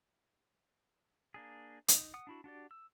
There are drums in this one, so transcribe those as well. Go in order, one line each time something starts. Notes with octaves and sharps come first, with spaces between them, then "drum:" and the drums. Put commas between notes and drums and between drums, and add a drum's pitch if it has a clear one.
A#3 D4 G#4
D#4, drum: hi-hat
F#5 D#6
D4 E4 F#4
D4 F#4 G4 D5
E6